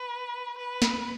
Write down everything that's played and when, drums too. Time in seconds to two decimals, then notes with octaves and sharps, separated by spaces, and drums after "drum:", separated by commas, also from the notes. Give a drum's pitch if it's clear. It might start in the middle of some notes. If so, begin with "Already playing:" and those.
Already playing: B4
0.58 B4
0.82 drum: snare